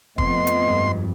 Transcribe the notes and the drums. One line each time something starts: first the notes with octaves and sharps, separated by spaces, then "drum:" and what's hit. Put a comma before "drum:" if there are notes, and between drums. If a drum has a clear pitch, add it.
F2 A3 B3 D#5 C6, drum: kick
drum: hi-hat
G#1 G2